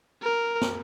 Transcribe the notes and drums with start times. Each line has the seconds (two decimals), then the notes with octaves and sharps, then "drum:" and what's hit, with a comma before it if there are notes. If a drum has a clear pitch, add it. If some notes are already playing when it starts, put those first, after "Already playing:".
0.22 A#4
0.61 drum: snare